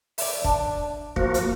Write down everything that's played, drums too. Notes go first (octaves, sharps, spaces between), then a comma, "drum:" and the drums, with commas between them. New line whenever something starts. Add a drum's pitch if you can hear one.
D5 E5, drum: open hi-hat
D4, drum: kick
F3 A#3 F#4, drum: kick
drum: hi-hat